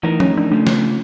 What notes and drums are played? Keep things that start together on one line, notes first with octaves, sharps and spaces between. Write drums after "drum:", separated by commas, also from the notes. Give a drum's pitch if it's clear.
A2 E3 D#4 A#4
C#4, drum: tom
D4
C#3 F3 A3
drum: snare